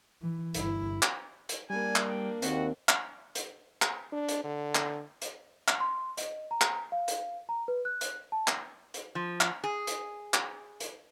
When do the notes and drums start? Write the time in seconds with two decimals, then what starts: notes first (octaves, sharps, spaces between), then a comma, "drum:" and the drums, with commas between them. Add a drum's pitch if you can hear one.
0.22 E3
0.54 G1 E4, drum: hi-hat
1.02 drum: clap
1.49 drum: hi-hat
1.70 G3 A#3 D4 G#5
1.96 drum: clap
2.09 G5
2.42 D#2 C4 F#4, drum: hi-hat
2.89 drum: clap
3.35 drum: hi-hat
3.82 drum: clap
4.12 D4
4.28 drum: hi-hat
4.44 D3
4.75 drum: clap
5.22 drum: hi-hat
5.68 drum: clap
5.80 C6
6.17 D#5, drum: hi-hat
6.51 A#5
6.61 drum: clap
6.92 F5
7.08 drum: hi-hat
7.49 A#5
7.68 B4
7.85 F#6
8.01 drum: hi-hat
8.32 A5
8.47 drum: clap
8.94 drum: hi-hat
9.15 F3
9.41 drum: clap
9.64 G#4
9.87 drum: hi-hat
10.34 drum: clap
10.80 drum: hi-hat